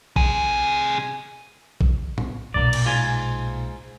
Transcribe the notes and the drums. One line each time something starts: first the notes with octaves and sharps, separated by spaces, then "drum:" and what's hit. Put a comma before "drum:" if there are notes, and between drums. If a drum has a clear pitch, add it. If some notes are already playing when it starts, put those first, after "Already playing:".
C3 G#4, drum: kick A#1
drum: kick A#1
drum: tom
B1 A#2 A#3 D5
drum: cymbal
G#2 F4 G#5